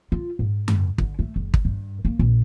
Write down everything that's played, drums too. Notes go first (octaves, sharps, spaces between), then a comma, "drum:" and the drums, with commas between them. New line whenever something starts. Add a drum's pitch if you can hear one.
F4
G#2
drum: tom F#2
D3, drum: kick
A3
F#1
drum: kick
G2
A#3
A#1